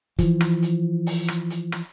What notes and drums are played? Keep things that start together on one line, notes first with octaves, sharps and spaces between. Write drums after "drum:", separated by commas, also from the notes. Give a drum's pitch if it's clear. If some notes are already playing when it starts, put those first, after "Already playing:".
E3 F3, drum: kick, hi-hat
drum: rim click
drum: hi-hat
drum: open hi-hat
drum: rim click
drum: hi-hat
drum: rim click